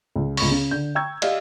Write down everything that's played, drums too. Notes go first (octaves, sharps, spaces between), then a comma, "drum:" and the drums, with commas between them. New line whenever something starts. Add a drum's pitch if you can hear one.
C#2
C#2 B5 C#6, drum: open hi-hat
C#3
D3 G6
G5 A#5 C#6 E6 G6 G#6
G4 D5 D#5 F5, drum: cymbal